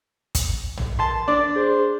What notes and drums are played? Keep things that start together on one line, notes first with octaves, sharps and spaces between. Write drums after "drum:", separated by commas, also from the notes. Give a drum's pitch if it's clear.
drum: kick, hi-hat
drum: tom
A5 C6
D4 D5 D6
G#4 C5